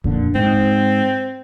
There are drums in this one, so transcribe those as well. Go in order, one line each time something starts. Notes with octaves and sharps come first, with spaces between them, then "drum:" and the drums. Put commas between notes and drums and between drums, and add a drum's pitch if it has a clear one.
F2 A#2 D3, drum: kick D1
G#2 C4